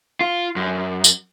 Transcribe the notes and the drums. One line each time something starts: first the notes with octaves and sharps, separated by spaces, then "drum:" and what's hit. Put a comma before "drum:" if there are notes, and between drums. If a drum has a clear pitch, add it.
F4
F#2
drum: tambourine